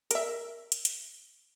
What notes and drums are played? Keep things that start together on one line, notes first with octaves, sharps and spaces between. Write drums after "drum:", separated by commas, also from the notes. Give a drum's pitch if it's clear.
A#4 E5, drum: hi-hat
drum: hi-hat
drum: hi-hat